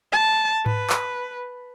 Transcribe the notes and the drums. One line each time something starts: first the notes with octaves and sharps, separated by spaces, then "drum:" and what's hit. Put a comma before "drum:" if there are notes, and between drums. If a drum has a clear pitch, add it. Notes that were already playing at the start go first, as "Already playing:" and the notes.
A5
B4, drum: tom G#2
drum: clap